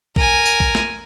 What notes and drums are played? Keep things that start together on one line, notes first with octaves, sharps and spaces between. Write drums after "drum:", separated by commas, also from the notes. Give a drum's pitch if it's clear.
A#4 G#5, drum: kick A#1
drum: tambourine
drum: kick A#1
drum: snare